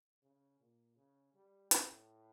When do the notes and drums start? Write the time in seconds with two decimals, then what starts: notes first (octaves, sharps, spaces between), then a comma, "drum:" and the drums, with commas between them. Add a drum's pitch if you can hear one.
0.22 C#3
0.60 A#2
0.96 C#3
1.34 G3
1.71 A2, drum: hi-hat